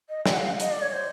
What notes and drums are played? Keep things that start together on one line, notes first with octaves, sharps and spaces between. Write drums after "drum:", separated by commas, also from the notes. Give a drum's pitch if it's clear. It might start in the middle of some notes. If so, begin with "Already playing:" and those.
D#5
E5, drum: snare
F#5
F5
D#5, drum: hi-hat
D5
C#5
C5